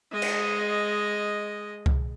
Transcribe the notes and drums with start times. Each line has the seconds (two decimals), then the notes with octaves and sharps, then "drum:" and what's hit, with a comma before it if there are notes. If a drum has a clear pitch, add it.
0.11 G#3 D#5
0.22 drum: cymbal
1.86 drum: kick C2